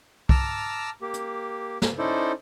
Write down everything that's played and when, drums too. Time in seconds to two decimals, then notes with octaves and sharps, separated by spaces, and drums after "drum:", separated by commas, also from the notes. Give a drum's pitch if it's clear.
0.29 A5 A#5 D6 E6 F6, drum: kick
1.02 A#3 G4
1.14 drum: hi-hat
1.82 drum: snare
1.98 C#4 D#4 E4 A4 C5 D5